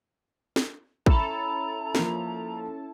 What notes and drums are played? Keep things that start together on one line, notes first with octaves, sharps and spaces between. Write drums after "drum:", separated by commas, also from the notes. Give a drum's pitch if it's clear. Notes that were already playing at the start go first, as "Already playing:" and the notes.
drum: snare
C#4 E4 A4 A5 A#5, drum: kick
F3 A#3, drum: snare